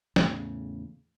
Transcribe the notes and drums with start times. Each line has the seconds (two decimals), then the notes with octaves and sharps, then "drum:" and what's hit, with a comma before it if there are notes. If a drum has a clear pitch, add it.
0.16 E2 A2 C#3, drum: snare